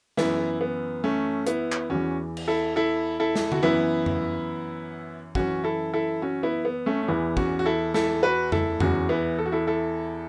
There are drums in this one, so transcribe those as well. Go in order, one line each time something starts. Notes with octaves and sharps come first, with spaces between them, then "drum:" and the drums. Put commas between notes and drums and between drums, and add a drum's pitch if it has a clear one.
F#2 E3 B3 E4, drum: snare
B3
A3 C#4
B3 E4, drum: hi-hat
drum: clap
E2 E3 C#4 F#4
drum: cymbal
E4 A4
E4 A4
E4 A4
drum: snare
F#4, drum: tom D3
F#2 E3 B3 E4
drum: tom F2
F#2 E3 C#4 F#4, drum: kick
E4 A4
E4 A4
C#4 F#4
B3 E4
B3
A3 C#4
C#4
E2 E3 B3 E4
C#4 F#4, drum: kick
F#4
E4 A4
E4 A4, drum: snare
F#4 B4
E4 A4, drum: tom F2
E2 E3 C#4 F#4, drum: tom F2
B3 E4
A4
F#4
E4 A4
E4 A4